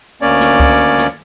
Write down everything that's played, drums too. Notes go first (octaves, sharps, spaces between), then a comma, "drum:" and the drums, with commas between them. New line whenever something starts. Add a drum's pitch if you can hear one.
D2 A#3 C#4 C#5 D5
drum: snare
drum: kick C#2
drum: snare